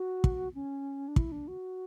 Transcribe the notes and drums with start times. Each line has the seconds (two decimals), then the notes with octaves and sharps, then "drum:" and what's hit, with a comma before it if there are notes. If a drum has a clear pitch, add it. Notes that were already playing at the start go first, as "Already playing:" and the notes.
Already playing: F#4
0.24 drum: kick
0.54 C#4
1.08 D4
1.16 E4, drum: kick
1.32 D4
1.48 F#4